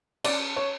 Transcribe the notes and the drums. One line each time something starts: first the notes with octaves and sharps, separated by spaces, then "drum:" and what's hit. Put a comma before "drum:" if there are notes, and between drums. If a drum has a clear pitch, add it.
C#4 D5, drum: cymbal
C#5